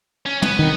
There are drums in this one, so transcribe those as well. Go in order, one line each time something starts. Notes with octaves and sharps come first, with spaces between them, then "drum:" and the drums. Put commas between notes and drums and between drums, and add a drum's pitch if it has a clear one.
C#4
B3, drum: tom
D#3